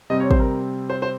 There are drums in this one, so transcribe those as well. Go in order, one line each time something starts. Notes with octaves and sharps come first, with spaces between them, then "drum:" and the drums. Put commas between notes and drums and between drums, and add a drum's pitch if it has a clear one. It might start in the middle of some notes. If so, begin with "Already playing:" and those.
C3 G3 C4 D#5
C#5
C5, drum: kick
A#4
C5
C5